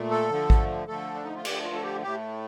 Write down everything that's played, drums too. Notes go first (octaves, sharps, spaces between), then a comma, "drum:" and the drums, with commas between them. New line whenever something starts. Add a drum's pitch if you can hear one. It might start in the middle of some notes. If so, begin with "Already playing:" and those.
Already playing: A#2 A3
A4
D3 F3 A3
drum: kick A1
D3 F3 A3 A4
D4
D#4
F4
D3 F3 A3 G4, drum: cymbal
F4
A4
G4
A2 A3 G4